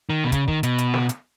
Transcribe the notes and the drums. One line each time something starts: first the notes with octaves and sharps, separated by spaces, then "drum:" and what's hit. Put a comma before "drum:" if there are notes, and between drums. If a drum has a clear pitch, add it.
D#3
B2
C#3, drum: kick, hi-hat
D#3, drum: kick
B2, drum: hi-hat
drum: hi-hat
drum: snare
drum: hi-hat